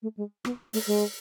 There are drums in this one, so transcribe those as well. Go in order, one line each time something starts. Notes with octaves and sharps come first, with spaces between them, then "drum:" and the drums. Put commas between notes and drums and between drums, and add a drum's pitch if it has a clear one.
A3
G#3
B3, drum: rim click
A3, drum: open hi-hat
G#3